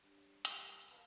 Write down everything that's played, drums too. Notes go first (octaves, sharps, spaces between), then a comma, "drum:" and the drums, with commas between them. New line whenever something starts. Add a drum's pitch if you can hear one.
G3 D4 C#5
G3 C#4, drum: hi-hat
A#4
A#3 F4 B4 A5